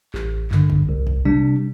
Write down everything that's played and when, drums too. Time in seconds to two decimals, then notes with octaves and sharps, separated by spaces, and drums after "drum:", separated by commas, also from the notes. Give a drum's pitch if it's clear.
0.14 A1, drum: clap
0.51 G2 D3, drum: clap
0.70 drum: kick
0.89 C2
1.07 drum: kick
1.25 C3 G3 D4